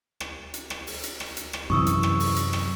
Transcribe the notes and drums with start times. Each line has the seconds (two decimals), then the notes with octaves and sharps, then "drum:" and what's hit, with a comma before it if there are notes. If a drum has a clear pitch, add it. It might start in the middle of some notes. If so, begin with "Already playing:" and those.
0.20 drum: rim click
0.54 drum: hi-hat
0.70 drum: rim click
0.87 drum: open hi-hat
1.03 drum: hi-hat
1.20 drum: rim click
1.37 drum: hi-hat
1.53 drum: rim click
1.70 F#2 C3 E3 C#6 D#6 E6
1.87 drum: hi-hat
2.03 drum: rim click
2.20 drum: open hi-hat
2.36 drum: hi-hat
2.53 drum: rim click